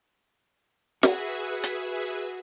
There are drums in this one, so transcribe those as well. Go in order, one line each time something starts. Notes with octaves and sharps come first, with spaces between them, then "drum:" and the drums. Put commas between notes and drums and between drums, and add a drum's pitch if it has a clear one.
F#4 G#4 B4 E5, drum: snare
drum: hi-hat